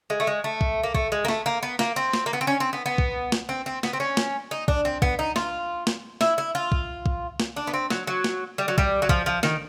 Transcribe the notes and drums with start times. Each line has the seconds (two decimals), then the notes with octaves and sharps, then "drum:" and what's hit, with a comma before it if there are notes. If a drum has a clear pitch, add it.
0.10 G#3
0.20 A3
0.27 G#3
0.44 A3
0.61 drum: kick B1
0.83 A#3
0.95 A3, drum: kick B1
1.12 G#3
1.25 A#3
1.28 A3, drum: snare
1.46 A#3
1.63 B3
1.79 A#3, drum: snare
1.96 C4
2.13 drum: snare
2.26 A#3
2.33 B3
2.41 C4
2.47 C#4
2.60 C4
2.73 B3
2.86 B3
2.98 drum: kick B1
3.32 drum: snare
3.49 C4
3.66 C4
3.83 B3, drum: snare
3.93 C4
4.00 C#4
4.17 drum: snare
4.51 D#4
4.68 D4, drum: kick B1
4.85 C4
5.02 B3, drum: kick B1
5.19 D#4
5.36 F4, drum: snare
5.87 drum: snare
6.21 E4, drum: snare
6.38 E4
6.55 F4
6.72 drum: kick B1
7.06 drum: kick B1
7.40 drum: snare
7.56 D4
7.67 B3
7.73 C4
7.90 F#3, drum: snare
8.07 F#3
8.24 drum: snare
8.58 G3
8.68 F#3
8.78 G3, drum: kick B1
9.02 F#3
9.09 F3, drum: kick B1
9.26 F3
9.43 D#3, drum: snare